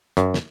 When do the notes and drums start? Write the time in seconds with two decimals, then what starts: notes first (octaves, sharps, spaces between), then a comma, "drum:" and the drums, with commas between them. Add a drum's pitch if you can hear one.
0.17 F#2, drum: hi-hat
0.34 drum: snare